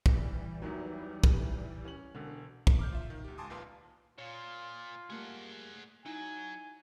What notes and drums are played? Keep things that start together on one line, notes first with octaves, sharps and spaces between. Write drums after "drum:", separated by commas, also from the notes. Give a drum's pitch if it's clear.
E3 G3, drum: kick
E2 D#3 F#3
drum: kick
C#4 F#7
E1 D3
drum: kick
D6 F6 G6
F4 E5
D#3
D2 G4
C#2 G#5 A5 C6 D6 D#6
A#1 D#2 A#2 B4 F5 C6
A#2 F4 C#5
G3 A3 A#3 G#4 F#5
F#3 D#4 E4 G#5